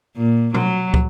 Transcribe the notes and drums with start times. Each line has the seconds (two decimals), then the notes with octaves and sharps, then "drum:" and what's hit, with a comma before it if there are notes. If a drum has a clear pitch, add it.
0.16 A#2
0.54 F#3, drum: tom B2
0.94 drum: kick